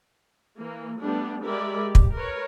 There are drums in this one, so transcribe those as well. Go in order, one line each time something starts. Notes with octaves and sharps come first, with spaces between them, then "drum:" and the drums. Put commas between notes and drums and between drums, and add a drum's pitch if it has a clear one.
E3 A#3
G3 A3 B3 D4 G4
G#3 G4 A#4 D5 E5 B5
G4
drum: kick
A#4 B4 C#5